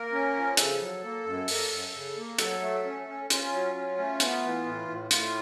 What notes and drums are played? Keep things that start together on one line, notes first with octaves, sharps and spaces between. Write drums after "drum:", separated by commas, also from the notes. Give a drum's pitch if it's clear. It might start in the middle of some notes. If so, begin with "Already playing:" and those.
Already playing: A#3 A#4
C#4
F3
C#3 A4, drum: hi-hat
F#3
A#3
F#2
A#3, drum: open hi-hat
F#2
C#3
A#3
F#3 A4, drum: hi-hat
A3
C#4
C#4
C#4 F4, drum: hi-hat
F#3
C#4
A3
B3, drum: hi-hat
E3
A2
A2
A2 F4, drum: hi-hat